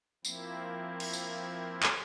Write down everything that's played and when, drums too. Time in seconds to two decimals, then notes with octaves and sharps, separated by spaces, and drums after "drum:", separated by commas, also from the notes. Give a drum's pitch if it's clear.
0.25 F3 A#3 C4 E4, drum: tambourine
1.00 drum: cymbal
1.13 drum: tambourine
1.83 drum: clap